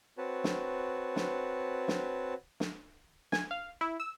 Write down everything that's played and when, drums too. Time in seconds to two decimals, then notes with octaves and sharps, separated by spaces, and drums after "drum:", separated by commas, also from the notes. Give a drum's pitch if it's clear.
0.18 C4 F#4 B4 C#5 A5
0.44 drum: snare
1.16 drum: snare
1.88 drum: snare
2.60 drum: snare
3.32 G#5, drum: snare
3.51 F5
3.81 E4
4.00 E6